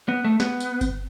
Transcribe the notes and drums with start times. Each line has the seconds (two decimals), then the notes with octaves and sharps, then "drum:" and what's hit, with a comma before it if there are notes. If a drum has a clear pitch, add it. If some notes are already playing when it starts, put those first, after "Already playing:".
0.08 B3
0.25 A3
0.40 B3, drum: snare
0.60 drum: tambourine
0.81 drum: kick G1, tambourine